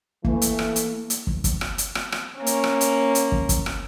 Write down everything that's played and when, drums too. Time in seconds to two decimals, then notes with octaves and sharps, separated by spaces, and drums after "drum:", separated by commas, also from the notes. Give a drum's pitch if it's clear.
0.24 E3 A3 A#3 E4, drum: kick
0.42 drum: hi-hat
0.59 drum: rim click
0.76 drum: hi-hat
1.10 drum: hi-hat
1.27 drum: kick
1.44 drum: kick, hi-hat
1.61 drum: rim click
1.78 drum: hi-hat
1.95 drum: rim click
2.12 drum: rim click
2.37 A#3 C#4
2.47 drum: hi-hat
2.64 drum: rim click
2.81 drum: hi-hat
3.15 drum: hi-hat
3.32 drum: kick
3.49 drum: kick, hi-hat
3.66 drum: rim click